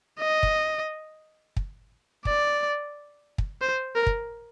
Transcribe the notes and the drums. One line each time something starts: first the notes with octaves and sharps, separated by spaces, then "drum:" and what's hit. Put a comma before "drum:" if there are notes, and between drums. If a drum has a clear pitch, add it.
D#5
drum: kick
drum: kick
D5, drum: kick
drum: kick
C5
A#4
drum: kick